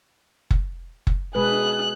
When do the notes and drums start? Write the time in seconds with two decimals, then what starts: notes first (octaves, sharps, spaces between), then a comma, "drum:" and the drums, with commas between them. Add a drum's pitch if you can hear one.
0.51 drum: kick F#1
1.07 drum: kick F#1
1.35 B2 G#3 G#4 B4 F#6